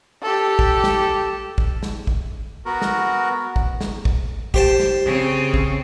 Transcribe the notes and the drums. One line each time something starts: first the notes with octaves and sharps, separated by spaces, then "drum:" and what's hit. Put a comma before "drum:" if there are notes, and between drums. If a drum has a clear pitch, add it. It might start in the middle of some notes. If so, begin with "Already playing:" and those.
G4 A4
drum: kick
drum: snare
drum: kick
drum: snare
drum: kick
B3 F#4 A#4
drum: snare
drum: kick
drum: snare
drum: kick
G4 C5 A5, drum: kick
drum: snare
C#3 C4
drum: kick